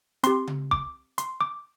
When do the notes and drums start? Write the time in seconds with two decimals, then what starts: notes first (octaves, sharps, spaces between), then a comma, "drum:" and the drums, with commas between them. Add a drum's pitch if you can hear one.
0.23 C4 G4 C6, drum: hi-hat
0.47 drum: tom C#3
0.71 D6, drum: kick
1.18 C6, drum: hi-hat
1.41 D6